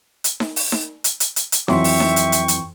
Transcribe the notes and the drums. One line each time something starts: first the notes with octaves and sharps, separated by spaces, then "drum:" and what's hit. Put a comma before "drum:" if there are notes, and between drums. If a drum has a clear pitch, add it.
drum: hi-hat
drum: snare D#4
drum: open hi-hat
drum: snare D#4
drum: hi-hat
drum: hi-hat
drum: hi-hat
drum: hi-hat
F2 E3 F#3 E5 G5 C6 C#6, drum: snare D#4
drum: open hi-hat
drum: snare D#4
drum: hi-hat
drum: hi-hat
drum: hi-hat